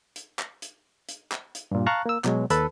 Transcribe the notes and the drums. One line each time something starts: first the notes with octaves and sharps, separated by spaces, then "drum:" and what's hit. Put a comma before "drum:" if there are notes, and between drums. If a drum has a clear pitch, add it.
drum: hi-hat
drum: clap
drum: hi-hat
drum: hi-hat
drum: clap
drum: hi-hat
G2 A#2
F5 A5 A#5 C#6 F#6
A#3 E6
B2 F#3 G#3, drum: clap
D#2 A4 B4 A5 B5, drum: hi-hat